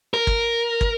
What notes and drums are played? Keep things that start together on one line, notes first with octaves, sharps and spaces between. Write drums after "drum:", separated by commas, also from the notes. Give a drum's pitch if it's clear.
A#4
drum: kick
drum: kick